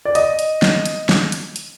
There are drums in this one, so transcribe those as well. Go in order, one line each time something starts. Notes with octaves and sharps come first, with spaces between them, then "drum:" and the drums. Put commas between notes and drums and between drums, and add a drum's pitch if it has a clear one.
D5
D#5, drum: hi-hat
drum: hi-hat
drum: snare
drum: hi-hat
drum: snare
drum: hi-hat
drum: hi-hat